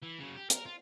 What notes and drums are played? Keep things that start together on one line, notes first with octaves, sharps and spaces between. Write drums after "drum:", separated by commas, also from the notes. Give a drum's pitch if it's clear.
E3
C#3 F#3
G4
A#4, drum: hi-hat
F4